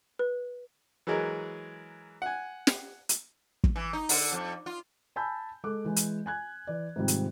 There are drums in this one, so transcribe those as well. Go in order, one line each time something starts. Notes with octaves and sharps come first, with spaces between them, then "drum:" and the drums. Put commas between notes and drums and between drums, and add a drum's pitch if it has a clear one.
B4
E3 F#3 G#3 G#4 A#4
F#5 G#5
drum: snare
drum: hi-hat
drum: kick
E3
D#4
D3, drum: open hi-hat
F2
F4
G#5 A5 B5 E6 G6
G#3 A4 D6 F#6
E3 G#3 G#5
drum: hi-hat
G#5 F#6 G#6
E3 D5
G#2 C3 D#3 F3 G3 C4
drum: hi-hat